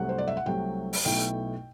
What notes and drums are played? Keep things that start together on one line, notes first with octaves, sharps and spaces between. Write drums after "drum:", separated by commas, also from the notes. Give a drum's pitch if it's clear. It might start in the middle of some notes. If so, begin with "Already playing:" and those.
Already playing: C2 C3 F#3 A3 F#5
C5
D5
E5
F#5
C2 C3 F#3 A3 G5
drum: open hi-hat
B1 B2 A3 E4 G5